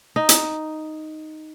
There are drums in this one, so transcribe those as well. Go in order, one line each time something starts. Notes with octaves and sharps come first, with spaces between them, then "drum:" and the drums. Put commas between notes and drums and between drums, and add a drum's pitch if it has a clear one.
D#4
drum: hi-hat